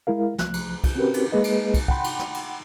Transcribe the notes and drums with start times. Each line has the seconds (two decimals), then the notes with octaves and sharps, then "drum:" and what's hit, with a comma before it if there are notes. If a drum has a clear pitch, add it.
0.07 G#3 E4 A#4 F5
0.38 C2 F3 F#6, drum: snare
0.54 drum: cymbal
0.84 drum: kick, cymbal
0.96 C4 C#4 F#4 G4 A#4 B4
1.14 drum: cymbal
1.32 G#3 A#3 G#4 B4 D#5
1.44 drum: cymbal
1.74 drum: kick, cymbal
1.88 F#5 G5 B5 C6, drum: kick
2.04 drum: cymbal
2.19 drum: snare
2.34 drum: cymbal